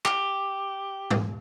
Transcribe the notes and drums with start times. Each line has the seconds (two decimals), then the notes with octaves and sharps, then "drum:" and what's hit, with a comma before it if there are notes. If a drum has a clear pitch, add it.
0.05 G4, drum: clap
1.11 drum: tom G#2